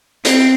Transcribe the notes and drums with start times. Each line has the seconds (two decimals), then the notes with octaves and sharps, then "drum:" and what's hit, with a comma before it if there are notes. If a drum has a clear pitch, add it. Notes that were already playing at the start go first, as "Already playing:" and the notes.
0.25 C4, drum: hi-hat